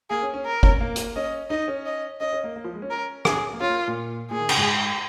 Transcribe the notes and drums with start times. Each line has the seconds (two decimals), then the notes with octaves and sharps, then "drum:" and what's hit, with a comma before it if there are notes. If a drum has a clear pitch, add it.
0.10 A#3 G#4
0.22 C#4
0.34 C#4
0.46 A#4
0.63 C#4, drum: kick
0.81 A#3
0.96 drum: hi-hat
1.16 C#4 D#5
1.50 D#4 D#5
1.68 C#4
1.86 D#5
2.20 C#4 D#5
2.33 C#4
2.44 A#3
2.56 A#3
2.64 F3
2.74 G#3
2.82 C#4
2.90 A#4
3.25 G#4, drum: rim click
3.53 A#3
3.61 C#4 F4
3.69 A#3
3.88 A#2
4.31 A#2 G#4
4.40 D#3
4.49 C#3, drum: cymbal
4.57 G#2